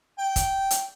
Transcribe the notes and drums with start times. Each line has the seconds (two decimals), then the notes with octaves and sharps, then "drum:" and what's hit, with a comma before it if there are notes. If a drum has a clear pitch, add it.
0.18 G5
0.36 drum: kick, hi-hat
0.71 drum: hi-hat